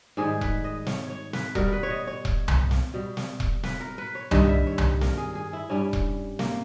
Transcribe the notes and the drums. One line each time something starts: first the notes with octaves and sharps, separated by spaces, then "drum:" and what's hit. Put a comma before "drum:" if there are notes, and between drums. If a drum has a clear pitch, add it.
G#2 D#3 G3 G#4
B4, drum: kick E1
D#5
C#5, drum: snare
C#5
B4, drum: snare
B2 G3 A#4, drum: kick E1
B4
C#5
D#5
C#5
drum: kick E1
drum: tom C2
drum: snare
B2 G3
drum: snare
drum: kick E1
B4, drum: snare
A#4
B4
C#5
G2 D#3 G3 D#5, drum: tom C2
E5
C#5
drum: tom C2
A#4, drum: snare
G#4
G#4
E4
G2 G3 C#4
drum: kick E1
A#3, drum: snare